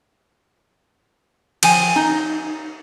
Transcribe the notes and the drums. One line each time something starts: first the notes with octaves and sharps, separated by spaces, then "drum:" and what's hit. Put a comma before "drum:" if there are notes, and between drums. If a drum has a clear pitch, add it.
F3 G5 G#5, drum: cymbal
D#4